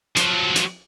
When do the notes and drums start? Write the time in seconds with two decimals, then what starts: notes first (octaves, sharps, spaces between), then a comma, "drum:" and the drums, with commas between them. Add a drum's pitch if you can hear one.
0.16 F3 F#3, drum: hi-hat
0.56 drum: hi-hat